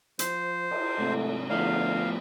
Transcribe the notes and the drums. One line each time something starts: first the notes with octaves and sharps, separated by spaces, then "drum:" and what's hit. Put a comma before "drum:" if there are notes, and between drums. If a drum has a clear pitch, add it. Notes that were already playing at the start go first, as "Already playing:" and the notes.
F3 C5, drum: hi-hat
drum: cymbal
G#2 C3 A3
A2 D3 F3 B3 F5, drum: cymbal